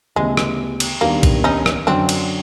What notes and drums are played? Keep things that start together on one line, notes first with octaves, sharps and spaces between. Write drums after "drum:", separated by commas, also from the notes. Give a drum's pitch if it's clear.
D2 C#3 E3 G3 G#3 B3
drum: rim click
drum: cymbal
D#2 D#3 G3 A#3 B3 D4
drum: kick, cymbal
C#4 D#4
drum: rim click
F#2 D3 F#3 C4 D4
drum: cymbal